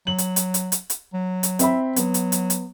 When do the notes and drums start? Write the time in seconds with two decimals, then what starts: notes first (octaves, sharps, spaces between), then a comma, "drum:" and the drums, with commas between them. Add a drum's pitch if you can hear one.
0.07 F#3 F#7
0.18 drum: hi-hat
0.36 drum: hi-hat
0.54 drum: hi-hat
0.72 drum: hi-hat
0.90 drum: hi-hat
1.13 F#3
1.43 drum: hi-hat
1.59 C4 E5 B5, drum: hi-hat
1.96 F#3 B3, drum: hi-hat
2.14 drum: hi-hat
2.32 drum: hi-hat
2.50 drum: hi-hat